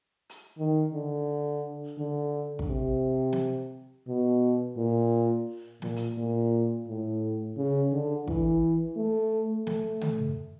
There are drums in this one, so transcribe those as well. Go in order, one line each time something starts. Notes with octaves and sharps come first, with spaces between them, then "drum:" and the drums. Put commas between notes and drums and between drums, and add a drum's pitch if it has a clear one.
drum: hi-hat
D#3
D3
D3
drum: kick
C3
drum: snare
B2
A#2
A#2, drum: snare
drum: hi-hat
A#2
A2
C#3
D3
E3, drum: kick
A3
A3, drum: snare
drum: tom